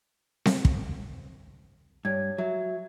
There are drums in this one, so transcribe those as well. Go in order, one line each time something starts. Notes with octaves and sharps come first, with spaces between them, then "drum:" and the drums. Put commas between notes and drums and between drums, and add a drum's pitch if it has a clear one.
drum: snare C4
drum: kick
G2 C#5 G#6
F#3 E5